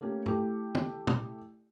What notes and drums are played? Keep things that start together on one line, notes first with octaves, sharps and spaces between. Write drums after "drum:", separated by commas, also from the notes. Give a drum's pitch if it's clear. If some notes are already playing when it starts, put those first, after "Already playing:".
A3 A#3 C#4 G4
A3 E4 G4, drum: tom
drum: tom
drum: tom